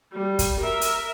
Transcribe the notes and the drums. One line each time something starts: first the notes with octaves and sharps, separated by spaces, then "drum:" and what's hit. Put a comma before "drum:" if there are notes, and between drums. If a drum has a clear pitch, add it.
G3
drum: kick, hi-hat
A#4 E5
drum: hi-hat